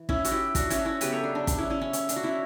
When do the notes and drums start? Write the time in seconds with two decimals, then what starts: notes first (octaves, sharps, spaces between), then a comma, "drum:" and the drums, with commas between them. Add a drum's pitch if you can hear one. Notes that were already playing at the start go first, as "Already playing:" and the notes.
Already playing: E3
0.09 C#4 E4, drum: kick
0.25 F#4, drum: hi-hat
0.31 E4 G4
0.55 D4 F#4, drum: kick, hi-hat
0.70 C#4 E4, drum: hi-hat
0.78 F#4
0.85 C#4 E4
1.01 C#3 F#3 B3 G4 B4, drum: hi-hat
1.12 A4 C#5
1.23 D4
1.35 D4
1.47 D4, drum: kick, hi-hat
1.58 C#4 E4
1.70 C#4 E4
1.81 C#4
1.93 C#4, drum: hi-hat
2.09 D4, drum: hi-hat
2.16 F#4
2.24 C#4 E4